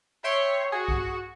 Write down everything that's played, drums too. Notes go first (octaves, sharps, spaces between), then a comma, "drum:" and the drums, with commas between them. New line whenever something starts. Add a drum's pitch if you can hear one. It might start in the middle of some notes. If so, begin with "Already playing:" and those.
C#5 E5 G5 C6
F#4 G#4
drum: kick B1